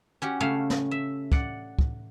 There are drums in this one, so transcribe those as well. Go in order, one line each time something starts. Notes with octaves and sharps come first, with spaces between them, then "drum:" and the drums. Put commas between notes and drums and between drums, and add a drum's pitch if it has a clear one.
C#4 F#4 G4
C#3 A3 F5
drum: snare
E5
D5 F#5, drum: kick
drum: kick